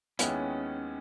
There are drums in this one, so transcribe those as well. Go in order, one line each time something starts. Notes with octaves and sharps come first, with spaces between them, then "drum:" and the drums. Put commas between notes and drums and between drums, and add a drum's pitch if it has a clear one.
D#2 D#3 G#3 B3 C#4 E4, drum: hi-hat